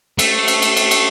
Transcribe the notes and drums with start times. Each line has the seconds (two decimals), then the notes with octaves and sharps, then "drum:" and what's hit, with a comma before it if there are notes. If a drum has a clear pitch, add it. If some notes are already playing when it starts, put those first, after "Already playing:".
0.19 A3, drum: cymbal
0.48 drum: cymbal
0.62 drum: cymbal
0.76 drum: cymbal
0.91 drum: cymbal